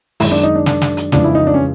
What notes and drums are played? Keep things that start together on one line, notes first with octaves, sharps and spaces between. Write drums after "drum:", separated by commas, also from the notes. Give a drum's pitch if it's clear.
F#2 D#3 G#3 E4, drum: open hi-hat
D4
D#4
D4
D4, drum: snare
drum: snare
drum: hi-hat
F2 C#3 E3 G#3 D4, drum: snare
E4
D#4
D4
C#4